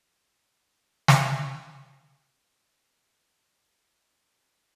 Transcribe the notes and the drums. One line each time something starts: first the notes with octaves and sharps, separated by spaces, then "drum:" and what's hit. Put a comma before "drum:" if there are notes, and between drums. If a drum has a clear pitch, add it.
C3 F#3 C#4
C2 F#5
drum: snare
F3 A3 F4
D6
C4
F4
D2